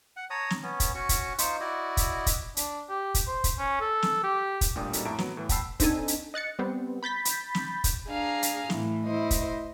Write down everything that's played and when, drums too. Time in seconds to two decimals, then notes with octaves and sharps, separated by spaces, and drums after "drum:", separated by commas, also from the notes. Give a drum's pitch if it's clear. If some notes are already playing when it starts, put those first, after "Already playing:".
0.17 F#5
0.30 C#5 A5 A#5 D#6
0.50 drum: snare
0.63 B3 C#4
0.80 drum: kick, hi-hat
0.95 C#4 F#4 C#6
1.09 drum: kick, hi-hat
1.38 D#4 F4 C5 C#6, drum: hi-hat
1.60 E4 F#4 D5 D#5
1.97 drum: kick, hi-hat
2.26 drum: kick, hi-hat
2.57 D4, drum: hi-hat
2.89 G4
3.14 drum: kick, hi-hat
3.27 C5
3.44 drum: kick, hi-hat
3.59 C#4
3.80 A4
4.02 drum: snare
4.24 G4
4.61 drum: kick, hi-hat
4.75 A1 A#2 G3 D4 G5 D#6
4.93 G3 A#3 C#4 D#4 F#4 A4, drum: hi-hat
5.05 F2 A2 E5 A5 A#5 D7
5.18 F#3 B3, drum: snare
5.37 A2 E3
5.49 F#5 G5 A5 B5 E6 C7, drum: kick, hi-hat
5.80 C4 D4 D#4 A4 G#5, drum: kick, hi-hat
6.08 drum: hi-hat
6.34 D#5 F#6 A6 C#7
6.59 G3 B3 C4
7.03 B5 G6 A6 B6
7.25 drum: hi-hat
7.55 drum: snare
7.84 drum: kick, hi-hat
8.07 D4 G#4 F5 A#5
8.43 drum: hi-hat
8.70 A2 E3, drum: snare
9.05 E4 C5 D#5
9.31 drum: kick, hi-hat